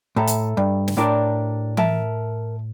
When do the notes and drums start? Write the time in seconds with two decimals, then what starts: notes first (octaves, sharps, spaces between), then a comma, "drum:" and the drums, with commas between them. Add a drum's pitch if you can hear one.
0.16 A2 A4 E5 A#5
0.27 drum: hi-hat
0.57 G2
0.88 drum: snare
0.97 A2 D4 G4 A#4 D5
1.77 A#4 E5 A5, drum: tom E3